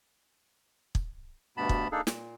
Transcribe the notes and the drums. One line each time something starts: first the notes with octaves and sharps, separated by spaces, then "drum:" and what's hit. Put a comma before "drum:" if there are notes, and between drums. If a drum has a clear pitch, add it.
drum: kick
D2 G2 B2 B3 A5 B5
drum: kick
A#3 D4 D#4 G#4 A4
A#2, drum: snare